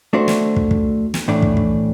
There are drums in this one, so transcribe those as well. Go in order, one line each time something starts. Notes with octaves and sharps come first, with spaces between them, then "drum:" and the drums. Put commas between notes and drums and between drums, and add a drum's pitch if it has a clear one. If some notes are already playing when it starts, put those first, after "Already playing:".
A3 D4 F#4 C5
drum: snare
drum: kick
drum: kick
drum: snare
A2 E3 A3 D4
drum: kick
drum: kick